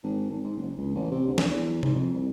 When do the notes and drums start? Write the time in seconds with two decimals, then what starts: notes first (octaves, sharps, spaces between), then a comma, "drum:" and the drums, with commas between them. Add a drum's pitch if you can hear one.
0.03 G#1
0.30 G#1
0.44 G#2
0.57 F#1
0.78 C#2
0.95 A1
1.11 C3
1.27 D2
1.38 drum: snare
1.50 E2
1.83 G#2, drum: tom C3
1.94 F2
2.14 C2